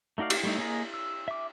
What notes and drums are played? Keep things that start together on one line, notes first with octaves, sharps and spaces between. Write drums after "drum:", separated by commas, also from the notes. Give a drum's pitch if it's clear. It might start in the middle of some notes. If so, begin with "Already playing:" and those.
A3 D#4 F#4 D5 F5
drum: cymbal
G3 A3 D#4
A#3 G#4 D#5 A#5
E6
E5 D6